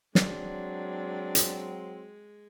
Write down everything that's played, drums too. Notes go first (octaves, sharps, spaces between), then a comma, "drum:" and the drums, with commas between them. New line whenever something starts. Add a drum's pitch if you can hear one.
F#3 G#3 C4 D4, drum: snare
drum: hi-hat